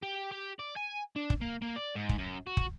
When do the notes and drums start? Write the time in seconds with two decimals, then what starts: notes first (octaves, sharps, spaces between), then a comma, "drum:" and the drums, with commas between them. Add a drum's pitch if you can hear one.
0.03 G4
0.31 G4
0.59 D5
0.76 G#5
1.16 D4
1.30 drum: kick
1.41 A#3
1.62 A#3
1.76 D5
1.95 G#2
2.09 drum: kick
2.18 F#2
2.47 F#4
2.57 drum: kick